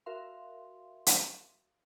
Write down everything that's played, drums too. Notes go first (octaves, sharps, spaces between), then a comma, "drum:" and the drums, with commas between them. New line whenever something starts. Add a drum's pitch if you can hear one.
F#4 A#4 E5 F5 C6
drum: hi-hat